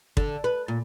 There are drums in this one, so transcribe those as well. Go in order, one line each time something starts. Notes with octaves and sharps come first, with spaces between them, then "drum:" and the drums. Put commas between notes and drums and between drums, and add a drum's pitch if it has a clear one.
D3, drum: kick
B4
A#2